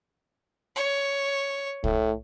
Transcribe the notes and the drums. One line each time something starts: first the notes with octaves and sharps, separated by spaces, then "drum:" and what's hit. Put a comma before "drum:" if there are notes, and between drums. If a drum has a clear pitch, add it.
C#5
A2, drum: kick